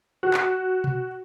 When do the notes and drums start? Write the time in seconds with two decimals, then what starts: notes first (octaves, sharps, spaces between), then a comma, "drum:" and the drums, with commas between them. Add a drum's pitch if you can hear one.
0.23 F#4
0.34 drum: clap
0.84 drum: tom B2